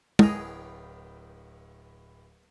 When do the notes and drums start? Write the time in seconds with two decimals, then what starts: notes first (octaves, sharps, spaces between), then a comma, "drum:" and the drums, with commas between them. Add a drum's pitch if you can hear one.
0.19 D1 A2 A#3 B3 G#4 D#5 G5 F7, drum: tom